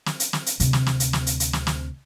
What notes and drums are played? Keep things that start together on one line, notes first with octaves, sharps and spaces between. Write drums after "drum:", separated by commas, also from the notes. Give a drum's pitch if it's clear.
drum: snare
drum: hi-hat
drum: snare
drum: hi-hat
D2 C3, drum: hi-hat
drum: snare
drum: snare
drum: hi-hat
drum: snare
drum: hi-hat
drum: hi-hat
drum: snare
drum: snare